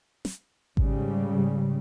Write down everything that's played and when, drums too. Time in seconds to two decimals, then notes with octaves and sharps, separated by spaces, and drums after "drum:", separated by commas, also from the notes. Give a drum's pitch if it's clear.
0.25 drum: snare
0.77 G#2 C#3 G3, drum: kick G#1